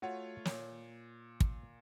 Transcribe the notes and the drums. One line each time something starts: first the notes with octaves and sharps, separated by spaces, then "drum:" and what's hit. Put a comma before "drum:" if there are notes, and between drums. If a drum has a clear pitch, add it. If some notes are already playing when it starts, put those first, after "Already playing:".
A3 F4 F#4 C#5
A#2 C#5, drum: snare
drum: kick